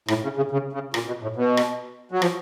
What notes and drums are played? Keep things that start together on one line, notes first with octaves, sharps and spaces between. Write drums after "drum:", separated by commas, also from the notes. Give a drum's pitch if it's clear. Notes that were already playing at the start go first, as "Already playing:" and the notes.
A2, drum: rim click
C#3
C#3
C#3
C#3
A#2, drum: rim click
B2
A2
B2
drum: rim click
F#3
F3, drum: rim click